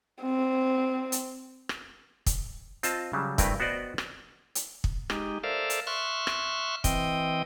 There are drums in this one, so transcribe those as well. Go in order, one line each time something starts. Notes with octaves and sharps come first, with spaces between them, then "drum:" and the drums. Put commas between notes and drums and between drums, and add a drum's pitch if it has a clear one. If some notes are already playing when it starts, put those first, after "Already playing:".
C4
drum: hi-hat
drum: rim click
drum: kick, hi-hat
C4 F4 D#5 A5, drum: hi-hat
C#3 F#3 G3
G2 A3 C4 E4 A#4 B4, drum: kick, hi-hat
B3 F#4 C5 D5 D#5
drum: rim click
drum: hi-hat
drum: kick
G#3 D#4 G4, drum: rim click
A4 A#4 C5 D5 E5 F5
drum: hi-hat
E5 C6 C#6 F6 F#6
drum: rim click
E3 C4 D#5 G5, drum: kick, hi-hat